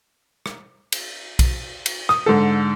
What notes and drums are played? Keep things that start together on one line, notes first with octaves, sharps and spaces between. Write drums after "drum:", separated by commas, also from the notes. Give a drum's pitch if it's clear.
drum: rim click
drum: cymbal
drum: kick B1, cymbal
drum: cymbal
D#6, drum: rim click
G#2 D3 A4